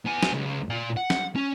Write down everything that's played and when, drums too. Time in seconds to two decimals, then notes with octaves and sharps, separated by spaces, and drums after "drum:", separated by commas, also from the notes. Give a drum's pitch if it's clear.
0.05 B3 G#5
0.23 drum: snare
0.33 C#2
0.69 A#2 F4
0.97 F#5
1.10 drum: snare
1.36 C#4